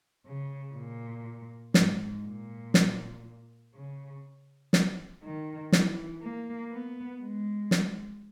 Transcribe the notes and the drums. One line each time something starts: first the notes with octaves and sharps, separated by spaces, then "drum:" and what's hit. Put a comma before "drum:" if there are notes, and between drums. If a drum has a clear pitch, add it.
C#3
A#2
G#2, drum: snare
A#2
drum: snare
C#3
drum: snare
D#3
E3, drum: snare
A#3
B3
G#3
drum: snare